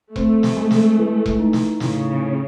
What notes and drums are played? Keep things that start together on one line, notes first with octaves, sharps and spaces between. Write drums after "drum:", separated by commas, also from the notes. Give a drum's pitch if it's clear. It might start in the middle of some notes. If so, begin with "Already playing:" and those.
A3 C4, drum: kick E1
drum: snare
G#3
drum: snare
E3
drum: kick E1
D#4
drum: snare
A2 C#3, drum: snare
C#4